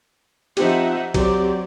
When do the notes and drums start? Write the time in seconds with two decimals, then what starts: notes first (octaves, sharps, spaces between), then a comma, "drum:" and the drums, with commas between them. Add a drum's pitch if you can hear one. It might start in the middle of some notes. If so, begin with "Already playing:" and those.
0.57 F3 C4 D#4 G4 E5 F#5, drum: cymbal
1.14 F#3 C4 G4 D5, drum: kick B1, cymbal